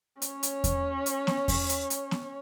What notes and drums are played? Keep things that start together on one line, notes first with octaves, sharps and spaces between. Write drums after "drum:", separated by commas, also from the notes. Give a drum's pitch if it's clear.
C#4 C#5, drum: hi-hat
drum: hi-hat
drum: kick E2, hi-hat
drum: hi-hat
drum: snare B3
drum: kick E2, open hi-hat
drum: hi-hat
drum: hi-hat
drum: snare B3